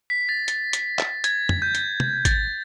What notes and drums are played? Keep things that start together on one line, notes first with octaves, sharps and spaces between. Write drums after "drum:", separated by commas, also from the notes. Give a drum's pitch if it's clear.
B6
A6
A6, drum: hi-hat
drum: hi-hat
drum: clap
G#6, drum: hi-hat
drum: tom
G6
drum: hi-hat
drum: tom
A6, drum: kick, hi-hat